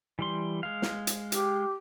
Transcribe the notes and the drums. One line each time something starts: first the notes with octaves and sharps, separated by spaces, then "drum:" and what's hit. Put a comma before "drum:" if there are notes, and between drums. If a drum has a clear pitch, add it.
E3 G3 C6
G#3 F5
drum: snare
drum: hi-hat
G4, drum: hi-hat